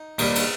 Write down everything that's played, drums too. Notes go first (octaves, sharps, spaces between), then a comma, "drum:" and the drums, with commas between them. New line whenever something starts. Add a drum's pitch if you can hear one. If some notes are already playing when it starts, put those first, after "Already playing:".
Already playing: D#4
D#2 D#3 G3, drum: cymbal
drum: cymbal